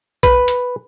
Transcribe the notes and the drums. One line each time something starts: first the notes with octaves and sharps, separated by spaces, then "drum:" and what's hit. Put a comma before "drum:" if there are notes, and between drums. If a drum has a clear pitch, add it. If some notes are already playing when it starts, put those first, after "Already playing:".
B4, drum: kick B1, hi-hat
drum: hi-hat